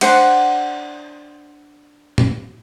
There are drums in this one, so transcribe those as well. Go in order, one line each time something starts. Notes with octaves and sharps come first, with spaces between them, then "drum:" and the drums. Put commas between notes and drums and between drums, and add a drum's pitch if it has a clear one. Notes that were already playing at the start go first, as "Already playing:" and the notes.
D4 C5 F#5, drum: cymbal
drum: tom